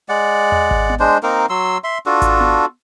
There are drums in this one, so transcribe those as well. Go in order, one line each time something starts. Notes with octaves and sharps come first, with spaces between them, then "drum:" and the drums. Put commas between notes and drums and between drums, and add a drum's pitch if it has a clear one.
G#3 D5 F#5
drum: tom E2
drum: kick G#1
drum: tom B3
G#3 D4 C5
A#3 C4 D#4 A#4
F#3 C6 E6
E5 C6
D4 F4 F#4 A4
drum: kick G#1, hi-hat
drum: tom B3